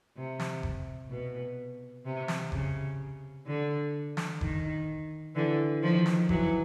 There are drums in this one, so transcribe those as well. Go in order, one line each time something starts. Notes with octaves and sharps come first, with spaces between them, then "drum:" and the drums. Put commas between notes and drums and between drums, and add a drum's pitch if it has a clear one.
C3
drum: snare
drum: kick F#1
B2
C3
drum: snare
C#3, drum: kick F#1
D3
drum: snare
D#3, drum: kick F#1
D3 E3
D#3 F3
drum: snare
E3 F#3, drum: kick F#1